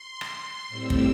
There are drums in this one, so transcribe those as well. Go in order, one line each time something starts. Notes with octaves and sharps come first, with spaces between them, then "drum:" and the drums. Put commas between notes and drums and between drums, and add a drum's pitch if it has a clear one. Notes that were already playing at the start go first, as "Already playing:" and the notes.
Already playing: C6
drum: rim click
A2 G3 C4 E6
drum: kick